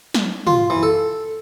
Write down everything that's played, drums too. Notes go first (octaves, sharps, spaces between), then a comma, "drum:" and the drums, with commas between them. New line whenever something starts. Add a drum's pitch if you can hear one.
drum: snare
F4, drum: tom
E3
A4